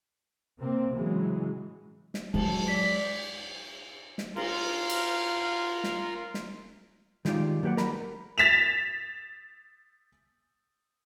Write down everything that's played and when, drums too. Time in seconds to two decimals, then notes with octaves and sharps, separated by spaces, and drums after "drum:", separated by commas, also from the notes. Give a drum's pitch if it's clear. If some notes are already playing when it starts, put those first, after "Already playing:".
0.59 C3 A#3 C4
0.94 A2 C#3 E3 F#3 G#3
2.14 drum: snare
2.34 F#3 G#3 A5, drum: cymbal
2.68 D5 B6
4.18 drum: snare
4.36 F4 A#4, drum: cymbal
4.89 drum: cymbal
5.84 drum: snare
6.34 drum: snare
7.25 D#3 G#3 D#4 F4 G4 D5, drum: snare
7.63 F#3 A#3 G4 B4 D5 F#5
7.77 A#4 A#5 B5, drum: snare
8.38 A6 B6 E7 F7